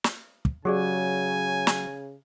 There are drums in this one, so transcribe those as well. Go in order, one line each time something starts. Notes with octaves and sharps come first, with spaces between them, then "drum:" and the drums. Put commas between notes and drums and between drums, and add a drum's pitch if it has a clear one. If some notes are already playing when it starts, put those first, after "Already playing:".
drum: snare
drum: kick
C#3 F#3 G4 G#4 D5 G#5
drum: snare